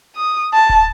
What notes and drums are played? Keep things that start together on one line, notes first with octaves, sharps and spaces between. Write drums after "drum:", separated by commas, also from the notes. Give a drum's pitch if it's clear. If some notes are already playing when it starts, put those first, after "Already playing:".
D#6
A5
drum: kick D1